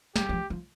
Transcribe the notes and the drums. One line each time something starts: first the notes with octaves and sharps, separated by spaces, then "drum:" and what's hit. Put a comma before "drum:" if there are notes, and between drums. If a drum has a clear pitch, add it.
G3 G4, drum: snare
G3
F3
F3